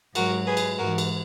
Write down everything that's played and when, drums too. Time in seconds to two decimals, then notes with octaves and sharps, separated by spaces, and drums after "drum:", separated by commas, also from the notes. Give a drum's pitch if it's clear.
0.15 G#2 F#3 F#4 A#4, drum: cymbal
0.46 G#4 B4
0.57 drum: cymbal
0.78 G#2 E3 F#4 A#4
0.98 drum: cymbal